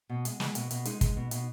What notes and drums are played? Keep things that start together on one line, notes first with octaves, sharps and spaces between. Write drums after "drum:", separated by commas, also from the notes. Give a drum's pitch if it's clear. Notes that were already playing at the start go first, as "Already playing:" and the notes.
B2
G#3, drum: hi-hat
G#3, drum: snare
B2, drum: hi-hat
B2, drum: hi-hat
G#3 D#4, drum: hi-hat
G#3, drum: kick, hi-hat
B2
B2, drum: hi-hat